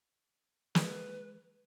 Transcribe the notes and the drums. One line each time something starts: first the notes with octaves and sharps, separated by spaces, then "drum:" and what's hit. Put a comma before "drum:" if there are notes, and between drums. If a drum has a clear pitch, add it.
G#3 B4, drum: snare